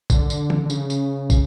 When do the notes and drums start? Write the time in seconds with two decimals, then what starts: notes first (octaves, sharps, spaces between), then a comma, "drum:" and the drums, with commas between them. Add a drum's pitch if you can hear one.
0.10 D3, drum: kick, tambourine
0.30 drum: tambourine
0.50 drum: tom
0.65 D3
0.70 C#3, drum: tambourine
0.90 drum: tambourine
1.30 drum: kick, tambourine